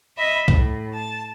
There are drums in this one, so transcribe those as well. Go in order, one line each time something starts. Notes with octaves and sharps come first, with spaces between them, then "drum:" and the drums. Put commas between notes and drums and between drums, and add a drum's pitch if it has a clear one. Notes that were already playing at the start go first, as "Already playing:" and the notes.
D#5 E5 B5
A2, drum: kick B1
A5